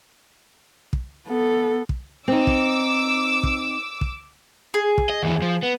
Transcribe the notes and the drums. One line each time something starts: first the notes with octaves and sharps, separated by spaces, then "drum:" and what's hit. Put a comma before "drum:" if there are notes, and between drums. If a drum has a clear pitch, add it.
drum: kick
B3 A4
drum: kick
C4 D#4 D6 E6
drum: kick
drum: kick
drum: kick
G#4
drum: kick
D#5
D#2 E3
F3
B3